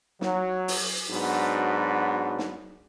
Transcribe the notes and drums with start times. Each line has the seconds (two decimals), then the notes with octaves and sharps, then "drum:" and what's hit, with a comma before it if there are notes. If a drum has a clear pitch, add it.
0.21 F#3, drum: snare
0.68 drum: open hi-hat
1.10 G#2 F#3 B3 D4 F#4
2.39 drum: snare